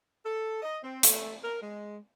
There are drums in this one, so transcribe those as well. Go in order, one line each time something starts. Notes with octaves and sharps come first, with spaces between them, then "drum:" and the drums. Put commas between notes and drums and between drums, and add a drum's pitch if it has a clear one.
A4
D#5
C4
A3, drum: hi-hat
A#4
G#3